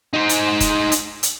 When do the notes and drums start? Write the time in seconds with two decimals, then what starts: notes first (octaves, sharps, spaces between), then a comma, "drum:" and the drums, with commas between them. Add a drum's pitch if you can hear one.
0.14 D#4 C5
0.29 drum: hi-hat
0.60 drum: kick, hi-hat
0.92 drum: hi-hat
1.23 drum: hi-hat